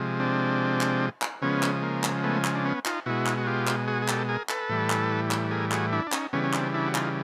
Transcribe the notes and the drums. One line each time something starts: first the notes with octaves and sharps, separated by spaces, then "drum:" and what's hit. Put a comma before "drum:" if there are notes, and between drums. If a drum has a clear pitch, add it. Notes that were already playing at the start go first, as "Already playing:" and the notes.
Already playing: C3 F3 G#3
C4 D4
drum: clap
drum: clap
C#3 F3 G#3 B3 C#4
drum: clap
A#3
drum: clap
A3 B3
drum: clap
D4
B3 C#4
D#4 F4, drum: clap
B2 G#3 E4 F#4
drum: clap
F#4
F4 G4
drum: clap
F#4 G#4
G#4
G4 A4, drum: clap
G#4 A#4
A4 B4, drum: clap
A2 E3 G3
drum: clap
drum: clap
G#4 A#4
F#4 G#4, drum: clap
D4 E4
D4
C#4 D#4, drum: clap
C#3 E3 G3 B3 C#4
C#4
C4 D4, drum: clap
D4 E4
F#4
D#4 F4, drum: clap